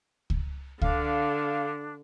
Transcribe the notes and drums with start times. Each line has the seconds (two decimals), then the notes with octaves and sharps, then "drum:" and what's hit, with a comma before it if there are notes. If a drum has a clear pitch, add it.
0.30 drum: kick C#2
0.81 D3 D4 F5, drum: kick C#2